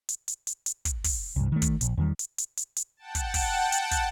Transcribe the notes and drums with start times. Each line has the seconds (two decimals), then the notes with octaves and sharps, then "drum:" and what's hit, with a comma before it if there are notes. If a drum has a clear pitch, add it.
0.09 drum: hi-hat
0.28 drum: hi-hat
0.47 drum: hi-hat
0.66 drum: hi-hat
0.85 drum: kick, hi-hat
1.04 drum: kick, open hi-hat
1.36 C2 G2
1.52 D#3 A3
1.62 drum: kick, hi-hat
1.81 A#1, drum: hi-hat
1.97 E2 D#3 G3
2.19 drum: hi-hat
2.38 drum: hi-hat
2.57 drum: hi-hat
2.76 drum: hi-hat
2.97 F#5 G5 A5
3.15 drum: kick, hi-hat
3.34 drum: kick, open hi-hat
3.72 drum: hi-hat
3.91 drum: kick, hi-hat